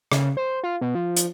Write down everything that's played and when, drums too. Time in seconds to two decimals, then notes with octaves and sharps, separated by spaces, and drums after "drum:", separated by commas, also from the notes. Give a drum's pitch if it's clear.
0.12 C#3, drum: rim click
0.37 C5
0.63 F4
0.81 B2
0.95 F3
1.16 drum: hi-hat